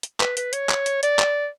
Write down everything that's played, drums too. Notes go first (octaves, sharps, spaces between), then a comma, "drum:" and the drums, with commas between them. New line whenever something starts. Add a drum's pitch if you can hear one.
drum: hi-hat
B4, drum: clap
B4, drum: hi-hat
C#5, drum: hi-hat
drum: clap
drum: hi-hat
D5, drum: hi-hat
drum: clap